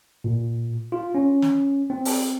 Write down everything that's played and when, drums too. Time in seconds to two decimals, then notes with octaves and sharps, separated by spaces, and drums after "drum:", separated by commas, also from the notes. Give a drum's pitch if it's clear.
0.24 A#2
0.92 F4
1.15 C#4
1.42 drum: snare
1.90 C4
2.05 drum: open hi-hat